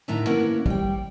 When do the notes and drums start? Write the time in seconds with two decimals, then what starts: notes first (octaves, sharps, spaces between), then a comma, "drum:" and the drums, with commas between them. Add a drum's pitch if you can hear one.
0.08 A2 D3 D#3 E5 A#5
0.26 A#3 B3 C#4 E4 A#4 F#5
0.66 G3 G5, drum: kick